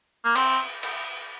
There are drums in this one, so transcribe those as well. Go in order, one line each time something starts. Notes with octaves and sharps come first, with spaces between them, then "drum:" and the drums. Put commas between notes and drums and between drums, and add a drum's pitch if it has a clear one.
A#3
C4, drum: cymbal
drum: cymbal